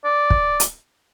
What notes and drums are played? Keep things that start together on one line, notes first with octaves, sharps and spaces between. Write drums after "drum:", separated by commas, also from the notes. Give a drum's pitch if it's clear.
D5
drum: kick
drum: hi-hat